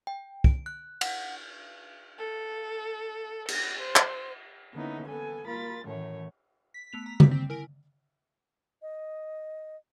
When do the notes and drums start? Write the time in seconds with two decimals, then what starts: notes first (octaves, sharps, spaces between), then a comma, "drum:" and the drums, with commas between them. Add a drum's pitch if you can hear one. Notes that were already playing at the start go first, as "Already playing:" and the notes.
0.07 G5
0.44 D7, drum: kick
0.66 F#6
1.01 F#5, drum: cymbal
2.18 A4
3.48 A#6, drum: cymbal
3.79 C5
3.96 drum: clap
4.73 D3 A#3 B3 C#4 D#4 E4
5.06 B3 A4 G#5
5.44 A#3 F4 A#4 B5 A6
5.84 F#2 A2 D#3 E3 A3 C#5
6.74 B6
6.93 A3 B3 F7
7.06 A#5
7.20 G3 C4, drum: tom C#3
7.31 C4 B6
7.50 E4 A#4 G#5 D7
8.82 D#5